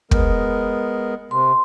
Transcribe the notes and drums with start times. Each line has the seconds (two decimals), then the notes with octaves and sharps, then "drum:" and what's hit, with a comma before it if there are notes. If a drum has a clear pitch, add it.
0.11 G#3 B3 A#4, drum: kick
1.31 C3 C6